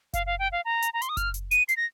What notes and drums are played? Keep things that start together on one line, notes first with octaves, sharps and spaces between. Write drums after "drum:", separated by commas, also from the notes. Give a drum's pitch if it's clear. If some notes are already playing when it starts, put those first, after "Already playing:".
F5, drum: kick F#1, hi-hat
F5
G5
F5
A#5
drum: hi-hat
A#5
C6, drum: hi-hat
D#6
F6, drum: kick F#1, hi-hat
drum: hi-hat
D#7, drum: hi-hat
C7, drum: hi-hat
A#6